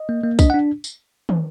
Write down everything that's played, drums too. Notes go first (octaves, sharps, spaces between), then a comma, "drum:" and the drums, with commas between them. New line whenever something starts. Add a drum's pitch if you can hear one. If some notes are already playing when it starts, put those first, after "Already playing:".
Already playing: D#5
A#3
A#3
D4 D#5, drum: kick, tambourine
F#5
D4
drum: tambourine
drum: tom